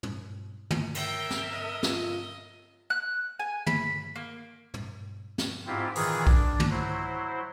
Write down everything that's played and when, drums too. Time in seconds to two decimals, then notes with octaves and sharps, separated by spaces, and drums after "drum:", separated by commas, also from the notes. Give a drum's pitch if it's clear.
0.03 drum: tom
0.71 drum: tom
0.95 A#4 E5 G5, drum: cymbal
1.31 drum: snare
1.52 D#5
1.83 F4, drum: snare
2.90 F#6
3.40 G#5
3.67 B5, drum: tom
4.16 A#3
4.74 drum: tom
5.38 drum: snare
5.67 G#2 C4 E4 F4 G4
5.95 A#2 D#3 E3 G#4, drum: open hi-hat
6.27 D4, drum: kick B1
6.60 drum: tom
6.70 F#3 E4 C5